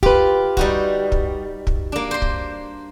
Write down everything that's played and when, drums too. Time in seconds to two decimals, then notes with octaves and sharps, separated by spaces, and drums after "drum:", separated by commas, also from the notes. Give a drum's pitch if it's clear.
0.03 F4 G4 B4, drum: kick
0.57 G3 D#4 F#4, drum: kick
1.12 drum: kick
1.67 drum: kick
1.92 A#3 D4
2.11 C5 C6
2.22 drum: kick